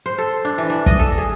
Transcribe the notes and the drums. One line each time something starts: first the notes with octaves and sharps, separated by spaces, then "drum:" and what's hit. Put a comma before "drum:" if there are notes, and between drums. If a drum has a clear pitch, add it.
C5
A4
D4
E3
D4
D#5, drum: kick
A4
G#4